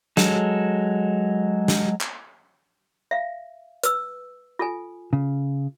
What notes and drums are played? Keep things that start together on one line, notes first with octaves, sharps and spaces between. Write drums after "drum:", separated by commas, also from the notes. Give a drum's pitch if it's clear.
F#3 G#3 A4, drum: snare
drum: snare
drum: clap
E5 F5
B4 E6, drum: hi-hat
F4 A4 G#5
C#3